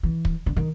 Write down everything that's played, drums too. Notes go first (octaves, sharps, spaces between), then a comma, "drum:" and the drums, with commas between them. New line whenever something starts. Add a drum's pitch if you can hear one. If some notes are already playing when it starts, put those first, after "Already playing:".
E3
drum: kick
D3
D#3